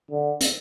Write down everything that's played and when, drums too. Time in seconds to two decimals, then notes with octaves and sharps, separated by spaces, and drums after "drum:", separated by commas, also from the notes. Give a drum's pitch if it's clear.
0.11 D3
0.41 drum: hi-hat